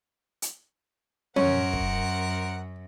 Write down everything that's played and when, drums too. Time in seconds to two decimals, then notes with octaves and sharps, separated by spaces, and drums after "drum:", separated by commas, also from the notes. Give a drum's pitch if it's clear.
0.42 drum: hi-hat
1.36 F#2 C#4 A#4 C5 C#5 F#5, drum: tom
1.73 drum: kick